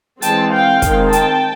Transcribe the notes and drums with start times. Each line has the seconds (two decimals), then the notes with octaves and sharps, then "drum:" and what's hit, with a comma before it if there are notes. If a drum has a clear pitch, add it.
0.22 E3 G#3 C4 G5 A5, drum: hi-hat
0.52 F5 G5
0.82 D#3 G#3 C4, drum: kick, hi-hat
1.13 G5 A5, drum: hi-hat